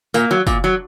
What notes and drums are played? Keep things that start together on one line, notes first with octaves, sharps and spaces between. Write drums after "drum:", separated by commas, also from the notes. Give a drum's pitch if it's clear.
A#2 A#3, drum: tambourine
F#3
A#2, drum: kick, tambourine
F#3